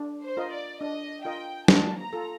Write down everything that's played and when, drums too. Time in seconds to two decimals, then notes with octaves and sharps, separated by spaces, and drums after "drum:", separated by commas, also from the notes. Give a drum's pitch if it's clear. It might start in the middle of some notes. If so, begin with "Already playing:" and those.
Already playing: D4
0.23 C5
0.37 F4 A#4 D#5
0.52 D5
0.81 D4 D#5
1.25 F4 A#4 D#5 G5
1.68 A#3 A5, drum: snare
1.98 A#5
2.13 F4 A4